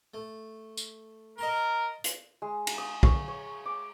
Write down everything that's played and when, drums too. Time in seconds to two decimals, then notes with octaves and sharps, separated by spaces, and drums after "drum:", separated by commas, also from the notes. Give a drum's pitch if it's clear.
0.14 A3
0.77 drum: tambourine
1.38 A#4 D#5 A5 C6
2.04 drum: hi-hat
2.42 G#3
2.67 drum: cymbal
2.78 D#6
3.03 C#6, drum: kick
3.28 C#5
3.66 D6